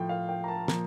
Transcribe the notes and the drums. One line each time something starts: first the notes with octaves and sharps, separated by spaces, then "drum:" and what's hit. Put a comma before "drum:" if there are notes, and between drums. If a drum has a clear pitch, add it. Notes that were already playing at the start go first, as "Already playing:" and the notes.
Already playing: A2 F3 G5
F5
G5
A#5
A5
A#2 F3 A#5, drum: snare